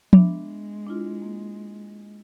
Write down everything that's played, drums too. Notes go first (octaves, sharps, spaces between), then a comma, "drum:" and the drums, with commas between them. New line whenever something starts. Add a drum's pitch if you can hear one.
G#3 B3 D4 E5, drum: tom F3
D4 E4 F4
A#3